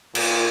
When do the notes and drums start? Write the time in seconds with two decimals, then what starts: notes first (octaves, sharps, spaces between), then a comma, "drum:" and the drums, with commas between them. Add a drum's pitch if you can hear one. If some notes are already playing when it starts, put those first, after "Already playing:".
0.15 A#2, drum: cymbal